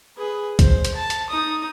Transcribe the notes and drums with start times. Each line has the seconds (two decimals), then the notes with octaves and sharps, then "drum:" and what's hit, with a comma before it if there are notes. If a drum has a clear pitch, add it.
0.17 G#4 B4
0.59 C5, drum: kick B1, hi-hat
0.85 drum: hi-hat
0.95 A5
1.10 drum: hi-hat
1.30 D#4 D#6